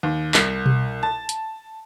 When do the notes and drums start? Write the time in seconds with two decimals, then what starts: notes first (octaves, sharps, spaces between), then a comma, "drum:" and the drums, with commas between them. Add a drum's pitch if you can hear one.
0.03 D#2
0.34 C2, drum: clap
0.66 drum: tom B2
1.03 A5
1.29 drum: hi-hat